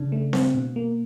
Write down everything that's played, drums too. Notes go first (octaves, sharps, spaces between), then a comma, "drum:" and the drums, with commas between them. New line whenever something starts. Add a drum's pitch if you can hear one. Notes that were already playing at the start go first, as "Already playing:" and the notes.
Already playing: C#3 D4
A3
C4, drum: snare C4
B2
A#3